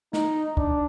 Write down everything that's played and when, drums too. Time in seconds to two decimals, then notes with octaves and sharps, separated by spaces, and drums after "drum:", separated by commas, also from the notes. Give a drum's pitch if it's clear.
0.13 D#4, drum: snare
0.57 D4, drum: kick